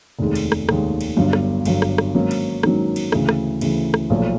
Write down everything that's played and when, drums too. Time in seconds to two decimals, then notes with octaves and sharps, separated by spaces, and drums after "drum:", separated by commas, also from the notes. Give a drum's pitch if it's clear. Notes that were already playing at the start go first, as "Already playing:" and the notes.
0.19 F1 D#2 D#3 G#3
0.35 drum: cymbal
0.52 drum: rim click
0.69 F1 D#2 D#3 G#3, drum: rim click
1.01 drum: cymbal
1.16 G1 G2 D3 F#3
1.33 drum: rim click
1.65 G1 G2 D3 F#3, drum: cymbal
1.82 drum: rim click
1.98 drum: rim click
2.15 G#2 D#3 F#3 A#3 C#4
2.31 drum: cymbal
2.63 G#2 D#3 F#3 A#3 C#4, drum: rim click
2.96 drum: cymbal
3.12 D2 C#3 E3, drum: rim click
3.29 drum: rim click
3.61 D2 C#3 E3, drum: cymbal
3.94 drum: rim click
4.10 B1 A#2 F3 A3